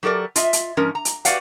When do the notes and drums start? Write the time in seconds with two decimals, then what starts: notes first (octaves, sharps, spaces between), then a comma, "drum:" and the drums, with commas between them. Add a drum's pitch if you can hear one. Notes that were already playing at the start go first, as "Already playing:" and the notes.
0.03 F#3 G4 A4 A#4 D5
0.36 F4 D#5 E5, drum: hi-hat
0.53 drum: hi-hat
0.77 G#2 F3 C#4 A#4
0.95 A#5
1.05 drum: hi-hat
1.25 F#4 G4 B4 D5 F5 F#5, drum: hi-hat